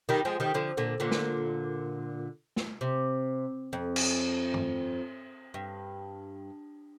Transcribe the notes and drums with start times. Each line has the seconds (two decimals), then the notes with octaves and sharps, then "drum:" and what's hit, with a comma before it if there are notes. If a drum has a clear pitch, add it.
0.09 D#3 G3
0.25 F3 G#3
0.40 D#3 G3
0.54 D3 F3
0.77 A#2 D3
1.00 A#2 D3
1.11 drum: snare
2.56 drum: snare
2.81 C3
3.73 F2
3.96 drum: cymbal
4.54 drum: tom G2
5.54 G2